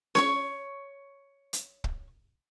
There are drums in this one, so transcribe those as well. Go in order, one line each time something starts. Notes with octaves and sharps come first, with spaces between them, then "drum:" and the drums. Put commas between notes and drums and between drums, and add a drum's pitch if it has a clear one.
C#5 C#6, drum: snare C#4
drum: hi-hat
drum: kick